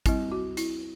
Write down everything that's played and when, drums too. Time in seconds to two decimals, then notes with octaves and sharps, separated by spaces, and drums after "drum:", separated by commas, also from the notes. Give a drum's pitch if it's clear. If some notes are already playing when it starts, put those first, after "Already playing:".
0.06 G3 C4 E4, drum: kick, hi-hat
0.32 F#4
0.57 E4, drum: hi-hat